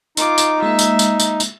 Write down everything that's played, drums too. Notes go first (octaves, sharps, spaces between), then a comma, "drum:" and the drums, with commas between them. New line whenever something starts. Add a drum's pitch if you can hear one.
D#4 F4 D6, drum: tambourine
drum: tambourine
G#3 A#3 E5
drum: tambourine
drum: tambourine
drum: tambourine
drum: tambourine